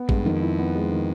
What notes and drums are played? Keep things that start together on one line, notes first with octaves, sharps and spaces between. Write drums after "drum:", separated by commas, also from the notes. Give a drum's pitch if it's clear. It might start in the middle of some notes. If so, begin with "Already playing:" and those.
Already playing: B3
G2 G#3, drum: kick G#1
F2 D#3
E4
B3
G#3
D#3